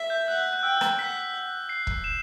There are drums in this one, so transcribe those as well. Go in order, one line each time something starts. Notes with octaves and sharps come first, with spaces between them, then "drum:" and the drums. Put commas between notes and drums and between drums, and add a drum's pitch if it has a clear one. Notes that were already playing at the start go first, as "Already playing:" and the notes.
Already playing: E5
G6
F#5 F#6
F#6
G5 E6
drum: rim click
F#5 B6
C7
drum: kick
E7